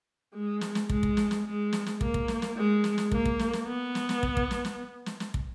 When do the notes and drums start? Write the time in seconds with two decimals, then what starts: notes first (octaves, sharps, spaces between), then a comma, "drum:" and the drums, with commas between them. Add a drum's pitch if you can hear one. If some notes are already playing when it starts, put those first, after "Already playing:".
0.34 G#3
0.61 drum: snare
0.75 drum: snare
0.90 G#3, drum: kick
1.03 drum: kick
1.17 drum: snare
1.31 drum: snare
1.45 G#3
1.73 drum: snare
1.86 drum: snare
2.01 A#3, drum: kick
2.14 drum: kick
2.28 drum: snare
2.42 drum: snare
2.56 G#3
2.84 drum: snare
2.98 drum: snare
3.12 A#3, drum: kick
3.26 drum: kick
3.39 drum: snare
3.53 drum: snare
3.67 B3
3.95 drum: snare
4.09 drum: snare
4.23 drum: kick
4.37 drum: kick
4.51 drum: snare
4.65 drum: snare
5.06 drum: snare
5.20 drum: snare
5.34 drum: kick